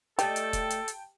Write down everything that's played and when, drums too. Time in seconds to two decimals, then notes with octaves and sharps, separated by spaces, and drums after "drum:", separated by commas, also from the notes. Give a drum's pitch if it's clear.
0.19 A3 G4 A4 D5 D#5 G5 A5, drum: hi-hat
0.36 drum: hi-hat
0.53 drum: kick, hi-hat
0.70 drum: hi-hat
0.88 drum: hi-hat